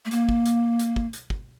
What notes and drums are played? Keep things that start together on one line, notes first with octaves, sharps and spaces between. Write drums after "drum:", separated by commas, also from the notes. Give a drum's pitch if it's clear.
A3
A#3, drum: hi-hat
drum: kick
drum: hi-hat
drum: hi-hat
drum: kick
drum: hi-hat
drum: kick